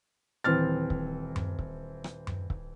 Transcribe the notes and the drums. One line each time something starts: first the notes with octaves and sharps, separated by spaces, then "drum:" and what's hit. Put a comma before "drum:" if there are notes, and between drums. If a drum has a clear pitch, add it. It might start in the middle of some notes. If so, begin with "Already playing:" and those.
D#1 E3 C4 F6 A6
drum: kick C#1
drum: tom F#2
drum: kick C#1
drum: rim click
drum: tom F#2
drum: kick C#1